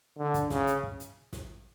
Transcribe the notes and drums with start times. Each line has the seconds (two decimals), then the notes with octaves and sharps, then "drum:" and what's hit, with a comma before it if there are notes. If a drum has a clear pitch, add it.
0.18 D3
0.34 drum: kick, hi-hat
0.50 C#3, drum: snare
0.67 drum: hi-hat
0.83 drum: kick
1.00 drum: hi-hat
1.33 drum: snare